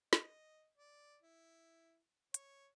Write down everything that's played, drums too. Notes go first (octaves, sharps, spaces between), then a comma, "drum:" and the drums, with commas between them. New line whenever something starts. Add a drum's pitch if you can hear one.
D#5, drum: snare
D5
E4
C#5, drum: hi-hat